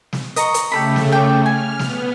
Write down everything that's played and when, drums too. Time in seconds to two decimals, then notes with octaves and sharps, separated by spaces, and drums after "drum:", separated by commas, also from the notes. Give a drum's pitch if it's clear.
0.13 drum: snare
0.36 D#5 A#5 C#6, drum: hi-hat
0.54 drum: hi-hat
0.72 C#3 A3 G4 A4 B5
0.96 drum: snare
1.12 G5 D6
1.46 G#5 F6
1.79 B3, drum: snare